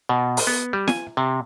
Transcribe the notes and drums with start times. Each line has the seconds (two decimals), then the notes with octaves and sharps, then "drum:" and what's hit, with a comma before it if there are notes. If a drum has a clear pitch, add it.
0.09 B2
0.37 drum: open hi-hat
0.47 B3
0.73 G3
0.88 G#5, drum: snare
1.17 C3